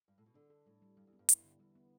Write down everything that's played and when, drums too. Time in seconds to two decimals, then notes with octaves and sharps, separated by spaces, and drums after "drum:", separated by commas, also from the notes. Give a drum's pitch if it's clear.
0.08 G2
0.18 A2
0.26 B2
0.34 D3 D4
0.50 A4
0.66 A2 G3
0.82 G3
0.97 G2 G3
1.07 E2
1.13 B3
1.19 G2
1.29 E4, drum: hi-hat
1.44 D3
1.59 E2 G3
1.75 B3